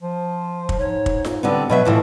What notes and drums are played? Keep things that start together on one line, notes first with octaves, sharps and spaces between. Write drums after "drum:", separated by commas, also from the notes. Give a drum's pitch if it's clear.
F3
drum: kick
G#2 C#5
drum: kick
drum: snare F4
A2 D3 G3 B3 C4
B2 F#3 B4 E5
A2 E3 F3 E4